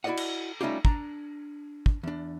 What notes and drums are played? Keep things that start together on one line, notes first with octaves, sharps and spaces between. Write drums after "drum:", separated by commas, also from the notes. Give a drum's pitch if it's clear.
E4 F#4 A#4 D5 D#5 F#5
drum: cymbal
G3 A3 C#4 D#4 F4 G4
D4 A#5, drum: kick
drum: kick
E2 D4